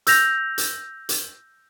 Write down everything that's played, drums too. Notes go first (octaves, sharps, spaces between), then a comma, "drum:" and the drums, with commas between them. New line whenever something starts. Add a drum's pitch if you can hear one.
E6 G6 A#6 F7, drum: hi-hat
drum: hi-hat
drum: hi-hat